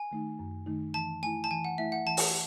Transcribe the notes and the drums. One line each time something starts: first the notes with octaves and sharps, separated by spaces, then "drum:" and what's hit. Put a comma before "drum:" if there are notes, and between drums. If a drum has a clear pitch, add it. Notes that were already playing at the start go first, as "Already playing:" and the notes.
Already playing: G#5
D#3 A3 D#4
F#2
D#3 A3 D#4
E3 A5
A3 E4 G#5
A5
E3 G#5
F#5
A3 E4 E5
F#5
E3 A5
drum: open hi-hat